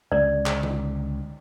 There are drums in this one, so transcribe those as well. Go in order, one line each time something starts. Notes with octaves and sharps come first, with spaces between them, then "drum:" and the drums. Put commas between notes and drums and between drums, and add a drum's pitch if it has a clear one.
C#2 D3 D5
drum: clap
drum: tom D3